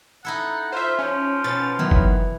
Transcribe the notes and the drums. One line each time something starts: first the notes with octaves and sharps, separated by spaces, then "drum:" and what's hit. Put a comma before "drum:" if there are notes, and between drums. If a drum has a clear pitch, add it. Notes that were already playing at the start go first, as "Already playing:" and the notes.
D#4 E4 A4 F#5
F4 C5 E5
F3 C#4
B2 C#4 A6
D#3 E3 F#3 B3
drum: kick F#1